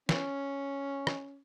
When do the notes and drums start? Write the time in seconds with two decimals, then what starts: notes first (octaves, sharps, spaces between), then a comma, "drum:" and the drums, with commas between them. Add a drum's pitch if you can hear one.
0.09 C#4, drum: snare
1.07 drum: rim click